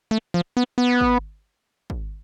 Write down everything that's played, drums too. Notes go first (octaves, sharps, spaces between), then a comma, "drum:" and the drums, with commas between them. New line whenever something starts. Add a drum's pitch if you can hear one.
A3
F3
B3
B3
drum: kick
drum: kick